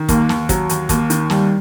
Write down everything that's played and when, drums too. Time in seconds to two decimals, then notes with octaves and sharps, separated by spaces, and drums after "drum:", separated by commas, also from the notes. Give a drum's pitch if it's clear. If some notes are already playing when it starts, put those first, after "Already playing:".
Already playing: D#3
0.09 D#2 A#3, drum: kick, hi-hat
0.29 D#2, drum: snare
0.49 F#3, drum: kick, hi-hat
0.69 D#2, drum: hi-hat
0.89 D#2 A#3, drum: kick, hi-hat
1.10 D#3, drum: hi-hat
1.30 D#2 G3, drum: snare